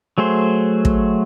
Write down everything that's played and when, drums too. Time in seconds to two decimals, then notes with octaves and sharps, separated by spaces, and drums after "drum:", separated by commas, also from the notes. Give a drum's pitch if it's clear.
0.18 F#3 A3 G#4 C5
0.85 drum: kick